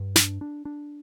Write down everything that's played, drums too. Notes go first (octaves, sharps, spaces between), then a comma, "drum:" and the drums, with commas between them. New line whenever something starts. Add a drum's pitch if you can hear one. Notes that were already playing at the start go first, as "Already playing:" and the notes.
Already playing: G2
D4, drum: snare
D4
D4